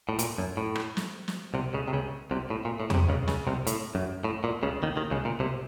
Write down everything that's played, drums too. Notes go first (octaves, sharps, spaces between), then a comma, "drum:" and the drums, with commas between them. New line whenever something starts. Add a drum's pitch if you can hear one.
A2
A#2, drum: hi-hat
F#2
A2
drum: rim click
drum: snare
drum: snare
C2 C3
C#2 C#3
C3
C#2 C#3
C2 C3
A2
A#2
A2
C#3, drum: tom E2
C2 C3
C#2 C#3
C#2 C#3, drum: snare
C2 C3
A2, drum: hi-hat
F#2
A2
A#2
C#2 C#3
D#2 D#3
D#2 D#3
C#2 C#3
A#2
C2 C3